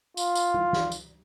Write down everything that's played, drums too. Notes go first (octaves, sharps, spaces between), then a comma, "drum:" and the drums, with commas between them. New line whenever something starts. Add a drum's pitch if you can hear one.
F4, drum: tambourine
drum: tambourine
drum: tom
drum: snare
drum: tambourine